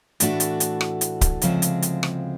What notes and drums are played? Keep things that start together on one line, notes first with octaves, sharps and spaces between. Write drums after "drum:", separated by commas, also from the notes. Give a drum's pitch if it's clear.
A2 E3 A3 D4 F#4, drum: hi-hat
drum: hi-hat
drum: hi-hat
drum: rim click
drum: hi-hat
drum: kick C#1, hi-hat
D2 C#3 F3 G#3 C4, drum: hi-hat
drum: hi-hat
drum: hi-hat
drum: rim click